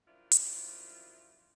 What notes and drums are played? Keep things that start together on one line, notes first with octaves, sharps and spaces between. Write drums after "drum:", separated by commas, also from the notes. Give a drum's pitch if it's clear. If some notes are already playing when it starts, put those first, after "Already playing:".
F#2 D#3 F3 D4 E4 F4
drum: hi-hat